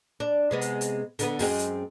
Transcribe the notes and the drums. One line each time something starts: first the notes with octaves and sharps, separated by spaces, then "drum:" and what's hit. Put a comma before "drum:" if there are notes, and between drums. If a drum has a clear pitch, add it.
D4
C3 G#3 B3
drum: hi-hat
drum: hi-hat
D3 A#3 B3, drum: hi-hat
F#2 G#3 C4, drum: open hi-hat
drum: hi-hat